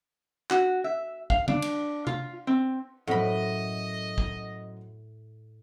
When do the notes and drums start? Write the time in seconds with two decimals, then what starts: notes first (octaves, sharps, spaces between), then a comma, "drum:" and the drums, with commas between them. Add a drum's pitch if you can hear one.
0.51 F#4, drum: clap
0.84 E5
1.30 F5, drum: kick
1.48 D4, drum: tom
1.62 drum: cymbal
2.07 F4, drum: tom C3
2.47 C4
3.07 F#2 A2 C5 D#5 F#5 B5
4.18 drum: kick